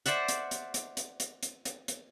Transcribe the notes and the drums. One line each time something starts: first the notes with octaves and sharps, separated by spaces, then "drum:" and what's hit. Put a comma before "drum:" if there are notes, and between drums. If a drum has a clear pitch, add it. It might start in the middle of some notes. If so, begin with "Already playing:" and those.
C5 D5 E5 F#5, drum: hi-hat
drum: hi-hat
drum: hi-hat
drum: hi-hat
drum: hi-hat
drum: hi-hat
drum: hi-hat
drum: hi-hat
drum: hi-hat